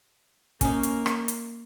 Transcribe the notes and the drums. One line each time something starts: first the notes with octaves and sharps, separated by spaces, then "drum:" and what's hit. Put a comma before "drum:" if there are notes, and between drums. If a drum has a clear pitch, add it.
A#3 C#4 D#4, drum: kick, hi-hat
drum: hi-hat
drum: rim click
drum: hi-hat